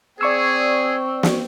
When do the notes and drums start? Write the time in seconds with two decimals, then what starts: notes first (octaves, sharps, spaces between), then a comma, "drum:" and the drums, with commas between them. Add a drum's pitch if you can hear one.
0.21 C4 G#4 D5 C#6 E6
1.23 drum: snare